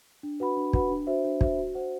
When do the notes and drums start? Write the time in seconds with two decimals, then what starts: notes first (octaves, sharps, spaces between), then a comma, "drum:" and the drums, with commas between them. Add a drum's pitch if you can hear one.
0.23 D4
0.40 F#4 B4 F#5 B5
0.57 D4
0.73 F#4 B4 F#5 B5, drum: kick
0.90 D4
1.07 F#4 C5 E5
1.24 D4
1.41 F#4 C5 E5, drum: kick
1.58 F#4
1.75 C5 F#5